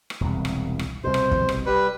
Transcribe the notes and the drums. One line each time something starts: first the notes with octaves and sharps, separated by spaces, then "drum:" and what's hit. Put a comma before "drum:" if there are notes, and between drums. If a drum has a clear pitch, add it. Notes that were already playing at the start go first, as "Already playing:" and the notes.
drum: rim click
E1 C2
drum: rim click
drum: rim click
C2 B2 C5
drum: rim click
drum: kick
drum: rim click
G3 B4